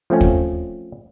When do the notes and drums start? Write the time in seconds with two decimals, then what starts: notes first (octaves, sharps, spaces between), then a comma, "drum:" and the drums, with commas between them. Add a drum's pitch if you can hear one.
0.10 F3 A3 C4 C#4
0.21 drum: kick